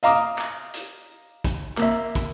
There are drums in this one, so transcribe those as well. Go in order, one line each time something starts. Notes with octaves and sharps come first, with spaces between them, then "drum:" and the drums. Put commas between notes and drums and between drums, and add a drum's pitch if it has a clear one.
D#5 F5 A#5 D6 D#6, drum: hi-hat
drum: clap
drum: hi-hat
drum: kick, hi-hat
A#3 E5, drum: clap
drum: kick, hi-hat